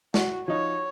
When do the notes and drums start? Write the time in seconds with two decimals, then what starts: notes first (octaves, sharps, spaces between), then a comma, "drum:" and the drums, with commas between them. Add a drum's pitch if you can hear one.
0.14 F#4, drum: snare
0.48 F3 D#4 C#5